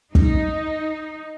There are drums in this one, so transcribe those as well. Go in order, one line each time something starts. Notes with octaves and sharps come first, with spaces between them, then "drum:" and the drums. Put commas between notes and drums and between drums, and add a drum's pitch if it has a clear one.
D#4, drum: kick